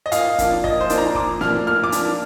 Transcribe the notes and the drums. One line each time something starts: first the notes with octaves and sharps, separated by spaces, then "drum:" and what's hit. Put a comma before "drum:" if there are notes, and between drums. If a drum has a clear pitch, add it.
D#5
A#2 F5, drum: hi-hat
F3 A#3 D4, drum: kick, hi-hat
A#2 D#5, drum: kick
C5
F3 A#3 D4, drum: hi-hat
A#5
A#2 D6, drum: kick
F3 A#3 D4 F6, drum: snare
A#2 F6
D6
F3 A#3 D4, drum: hi-hat